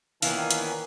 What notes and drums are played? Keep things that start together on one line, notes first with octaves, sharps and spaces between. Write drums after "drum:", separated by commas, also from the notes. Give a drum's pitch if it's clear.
A#2 D#3 E3 B3 C#4 F5 G#5, drum: open hi-hat
drum: hi-hat